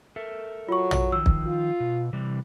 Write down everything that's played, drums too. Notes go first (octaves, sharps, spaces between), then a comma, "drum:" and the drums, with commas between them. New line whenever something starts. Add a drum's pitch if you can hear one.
A4 A#4 E5
F#3 F4 C#6
drum: tom A#1
D#3 F3 E6
drum: kick
F4
B2
C3 E3 G3